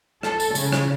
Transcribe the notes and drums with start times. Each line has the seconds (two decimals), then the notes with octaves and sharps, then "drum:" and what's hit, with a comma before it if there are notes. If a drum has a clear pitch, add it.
0.23 A4, drum: rim click
0.40 drum: tambourine
0.55 C#3, drum: tambourine
0.73 drum: rim click